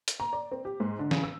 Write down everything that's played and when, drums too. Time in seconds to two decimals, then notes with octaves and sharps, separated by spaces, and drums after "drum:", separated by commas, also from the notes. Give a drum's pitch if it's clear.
0.08 drum: hi-hat
0.20 A#5
0.33 D5
0.51 C4
0.65 G4
0.80 G#2
0.99 D3
1.11 C#3, drum: snare
1.24 E6